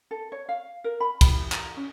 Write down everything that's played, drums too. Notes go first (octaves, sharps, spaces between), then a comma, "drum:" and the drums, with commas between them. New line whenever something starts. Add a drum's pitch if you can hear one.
A4
C#5
F5
A#4
B5
B5, drum: kick, cymbal
A#5, drum: clap
C#4